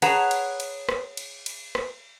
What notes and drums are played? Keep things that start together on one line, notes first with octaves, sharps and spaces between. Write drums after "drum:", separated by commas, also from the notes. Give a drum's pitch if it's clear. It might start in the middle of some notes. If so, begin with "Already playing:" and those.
G#4 B4 C#5 F#5 A5 A#5, drum: cymbal
drum: cymbal
drum: cymbal
drum: rim click
drum: cymbal
drum: cymbal
drum: rim click